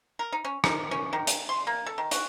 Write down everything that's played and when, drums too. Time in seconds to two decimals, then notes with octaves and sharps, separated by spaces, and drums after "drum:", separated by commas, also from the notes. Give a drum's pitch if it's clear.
0.19 A#4
0.32 D#4
0.45 C#4
0.64 D#4, drum: rim click
0.91 C#4
1.13 D#3
1.27 drum: hi-hat
1.49 C6
1.67 A#3
1.86 A4
1.98 D#3
2.11 F#4, drum: hi-hat